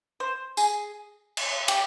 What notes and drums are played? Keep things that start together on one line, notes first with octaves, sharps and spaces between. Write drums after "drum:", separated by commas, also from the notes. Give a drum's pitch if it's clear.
C5
G#4, drum: tambourine
drum: cymbal
G4, drum: cymbal